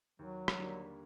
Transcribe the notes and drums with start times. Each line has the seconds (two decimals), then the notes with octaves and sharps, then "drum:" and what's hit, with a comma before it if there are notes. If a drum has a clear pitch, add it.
0.19 D#2 F#3
0.48 drum: rim click
0.58 D3 G3 A#3